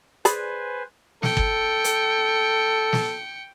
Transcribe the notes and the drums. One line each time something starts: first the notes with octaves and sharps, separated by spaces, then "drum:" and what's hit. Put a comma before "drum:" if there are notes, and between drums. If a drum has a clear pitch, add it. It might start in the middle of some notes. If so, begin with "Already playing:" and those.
G#4 B4 C5 D5 G#5 B5, drum: hi-hat
A4 G5 C#7, drum: snare
drum: kick
drum: hi-hat
drum: snare